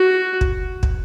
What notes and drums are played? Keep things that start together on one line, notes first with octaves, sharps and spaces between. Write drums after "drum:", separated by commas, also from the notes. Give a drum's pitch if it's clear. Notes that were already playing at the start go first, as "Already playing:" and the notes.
Already playing: F#4
drum: kick
drum: kick